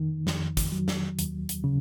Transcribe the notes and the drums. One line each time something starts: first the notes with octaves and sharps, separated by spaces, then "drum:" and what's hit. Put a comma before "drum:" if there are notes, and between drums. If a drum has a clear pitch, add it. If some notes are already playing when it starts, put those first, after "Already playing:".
Already playing: F2 D#3
F2, drum: snare
drum: kick, hi-hat
F#3
drum: snare
D#2, drum: hi-hat
drum: hi-hat
C#3